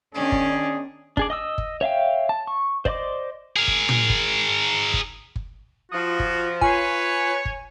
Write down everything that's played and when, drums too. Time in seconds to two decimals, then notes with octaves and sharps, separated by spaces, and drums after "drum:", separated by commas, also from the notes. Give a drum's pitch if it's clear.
0.15 D#3 B3 C#4 D4 G#4 D5
0.32 drum: kick G1
1.17 D4 G#4 D5, drum: kick G1
1.30 D#5 D#6 E6
1.58 drum: kick G1
1.81 C#5 E5 F5 G5
2.29 A5
2.47 C#6
2.85 C5 D5 D#5 C6 D6, drum: kick G1
3.56 G#4 A#4
3.68 drum: kick G1
3.89 drum: tom
4.10 drum: kick G1
4.94 drum: kick G1
5.36 drum: kick G1
5.91 F3 F4 F#4 D#6
6.20 drum: kick G1
6.61 F4 B4 C#5 G#5 C7, drum: kick G1
7.45 drum: kick G1